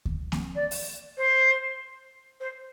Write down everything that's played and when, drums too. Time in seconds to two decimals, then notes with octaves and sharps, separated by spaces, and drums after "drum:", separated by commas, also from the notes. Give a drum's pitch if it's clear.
0.05 drum: kick D2
0.32 drum: snare A#3
0.55 D5
0.71 drum: open hi-hat
1.17 C5
2.40 C5